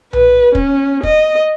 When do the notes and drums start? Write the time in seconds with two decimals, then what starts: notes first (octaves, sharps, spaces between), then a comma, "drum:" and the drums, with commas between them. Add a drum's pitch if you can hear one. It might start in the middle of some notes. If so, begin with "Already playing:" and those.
0.13 B4, drum: tom B1
0.55 C#4, drum: kick
1.03 D#5, drum: kick